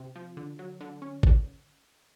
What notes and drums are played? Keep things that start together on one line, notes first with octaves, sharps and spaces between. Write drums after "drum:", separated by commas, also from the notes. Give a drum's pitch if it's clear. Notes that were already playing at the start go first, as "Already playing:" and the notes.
Already playing: C3
F3
D3
F#3
D3
C#4
drum: kick